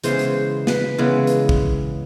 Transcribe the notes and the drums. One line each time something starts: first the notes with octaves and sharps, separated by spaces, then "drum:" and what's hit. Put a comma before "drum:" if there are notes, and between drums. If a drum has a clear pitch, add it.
C#3 E3 G#3 B3 C5, drum: hi-hat
drum: hi-hat
B4, drum: snare
C#3 E3 G#3 B3
drum: hi-hat
drum: kick